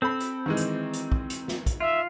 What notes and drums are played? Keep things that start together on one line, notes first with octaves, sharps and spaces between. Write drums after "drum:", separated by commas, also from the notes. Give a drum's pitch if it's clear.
C4 A4 B5
drum: hi-hat
D#3 E3 G#3
drum: hi-hat
drum: hi-hat
drum: kick
drum: hi-hat
drum: snare
drum: kick, hi-hat
F4 E5